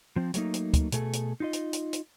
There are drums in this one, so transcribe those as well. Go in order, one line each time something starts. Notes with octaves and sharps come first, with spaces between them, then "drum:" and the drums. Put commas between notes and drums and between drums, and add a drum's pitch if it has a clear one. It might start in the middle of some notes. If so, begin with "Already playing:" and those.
F3 C4
F#3 A3 A#3 D#4, drum: hi-hat
drum: hi-hat
drum: kick, hi-hat
B2 A3 G#4 A4, drum: hi-hat
drum: hi-hat
D#4 F4 D#5
drum: hi-hat
drum: hi-hat
drum: hi-hat